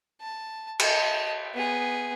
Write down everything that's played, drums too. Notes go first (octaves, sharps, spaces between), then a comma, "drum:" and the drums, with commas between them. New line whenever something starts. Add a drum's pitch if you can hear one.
A5
D#5 A5, drum: cymbal
B3 G#4